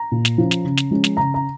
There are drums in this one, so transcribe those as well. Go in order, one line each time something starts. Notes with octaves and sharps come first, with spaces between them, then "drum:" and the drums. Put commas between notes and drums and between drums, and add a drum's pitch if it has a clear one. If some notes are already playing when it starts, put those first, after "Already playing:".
Already playing: A#5
A#2
drum: snare
F3 C#4
drum: snare
C#3
drum: snare
F3 G#3 C#4
drum: snare
C#3 A#5
A#5